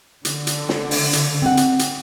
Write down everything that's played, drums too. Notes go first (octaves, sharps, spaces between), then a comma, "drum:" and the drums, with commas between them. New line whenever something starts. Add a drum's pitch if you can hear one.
D3, drum: hi-hat
drum: hi-hat
drum: snare
drum: open hi-hat
drum: hi-hat
C4 F#5
drum: hi-hat
drum: hi-hat